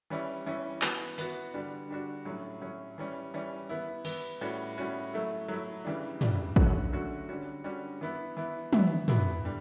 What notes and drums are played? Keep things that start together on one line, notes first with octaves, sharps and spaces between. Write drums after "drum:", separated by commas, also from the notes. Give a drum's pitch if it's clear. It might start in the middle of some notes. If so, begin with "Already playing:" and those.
E3 G3 C#4 E4
E3 G3 C#4 E4
E3 B3 F#4, drum: clap
E3 B3 F#4, drum: open hi-hat
D3 G3 D4 F#4
D3 G3 D4 F#4
A2 F#3 C#4
A2 F#3 C#4
E3 G3 C#4
E3 G3 C#4
E3 B3 E4
E3 B3 E4, drum: cymbal
A2 G3 C#4 F#4
A2 G3 C#4 F#4
F#3 A3 E4
F#3 A3 E4
C#3 E3 G3 D4
C#3 E3 G3 D4, drum: tom
D3 F#3 A3 C#4 F#4, drum: kick A1
D3 F#3 A3 C#4 F#4
D3 G3 C#4 F#4
D3 G3 C#4 F#4
E3 B3 E4
E3 B3 E4
E3 B3 E4, drum: tom
E3 B3 E4, drum: tom
D3 G3